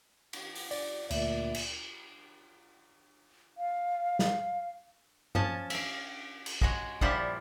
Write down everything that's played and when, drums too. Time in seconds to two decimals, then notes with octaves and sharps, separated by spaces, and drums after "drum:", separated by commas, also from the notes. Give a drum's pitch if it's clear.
0.33 drum: cymbal
0.55 drum: open hi-hat
0.71 D5, drum: open hi-hat
1.11 D2 A#2 D5 E5, drum: cymbal
1.55 drum: cymbal
3.58 F5
4.19 drum: snare
5.35 F3 C#4 A5, drum: tom G2
5.70 E5 F5, drum: cymbal
6.46 drum: cymbal
6.61 G#3 F#4 C#5, drum: kick
7.01 A#2 F3 G3 E4 F4 F#5, drum: kick